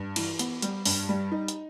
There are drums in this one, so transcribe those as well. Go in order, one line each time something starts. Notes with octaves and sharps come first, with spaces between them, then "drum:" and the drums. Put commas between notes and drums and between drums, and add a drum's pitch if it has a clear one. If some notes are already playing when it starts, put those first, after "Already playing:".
Already playing: G2
E3, drum: cymbal
B3, drum: hi-hat
G3, drum: hi-hat
G2, drum: open hi-hat
G3
D#4
drum: hi-hat